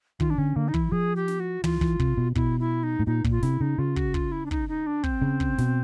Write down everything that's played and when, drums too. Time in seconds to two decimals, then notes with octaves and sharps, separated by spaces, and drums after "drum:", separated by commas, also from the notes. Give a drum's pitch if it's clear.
0.20 D#3 F4, drum: kick
0.30 D4
0.38 D3 C#4
0.56 D3 A#3
0.68 D#4
0.74 E3 E4, drum: kick
0.92 F3 G#4
1.16 G4
1.28 drum: snare
1.40 F#4
1.64 E3 F4, drum: tom
1.81 E3, drum: kick
1.99 C3, drum: kick
2.17 B2
2.35 B2 E4, drum: kick
2.60 E4
2.83 D#4
3.00 A2
3.07 A#2 D#4
3.24 A#2, drum: kick
3.31 F4
3.42 C3 E4, drum: snare
3.61 C#3 D#4
3.78 C#3 F4
3.96 F#4, drum: kick
4.14 F4, drum: kick
4.32 E4
4.46 D4
4.51 D#4, drum: kick
4.69 D#4
4.87 D4
5.04 C4, drum: kick
5.22 C#3
5.40 drum: kick
5.58 B2, drum: snare